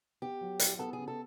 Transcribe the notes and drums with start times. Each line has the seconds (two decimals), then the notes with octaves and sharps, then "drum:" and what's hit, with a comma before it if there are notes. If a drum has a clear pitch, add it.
0.22 B3 G4
0.41 F#3
0.59 E4, drum: hi-hat
0.79 B3 A4
0.93 G#4
0.98 C#3
1.08 A4